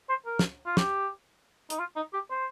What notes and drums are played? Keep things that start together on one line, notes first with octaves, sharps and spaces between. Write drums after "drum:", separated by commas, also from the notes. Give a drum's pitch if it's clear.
C5
A#4
drum: snare
F4
G4, drum: snare
D#4, drum: hi-hat
F4
D#4
G4
C5